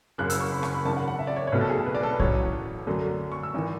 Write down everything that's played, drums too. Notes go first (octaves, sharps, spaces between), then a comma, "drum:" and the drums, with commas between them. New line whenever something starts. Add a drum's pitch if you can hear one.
F#1 F#2 C#3 F#6
E6, drum: hi-hat
C#6
B5
C#6, drum: rim click
B5
G#1 F#2 C#3 A5
F#5
F#5
E5
D5
C#5
C#5
B1 B2 A3 B4
A4
G#4
A4
B4
D5
A4
B4
A1 A2 F#3 C#5, drum: kick B1
F#2 D3 F#3 A3
C#6
E6
G#1 E3